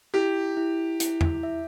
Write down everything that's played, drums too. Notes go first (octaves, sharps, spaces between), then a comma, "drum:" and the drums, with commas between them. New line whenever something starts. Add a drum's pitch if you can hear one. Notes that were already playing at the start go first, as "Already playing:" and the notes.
E4 G4
E4
E4, drum: hi-hat
drum: tom E2
E5